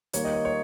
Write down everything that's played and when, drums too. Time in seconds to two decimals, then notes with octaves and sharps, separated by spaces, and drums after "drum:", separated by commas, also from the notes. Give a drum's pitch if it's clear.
0.13 D#3 G3 A#3 C#5, drum: hi-hat
0.25 D#5
0.33 C#5
0.45 C#5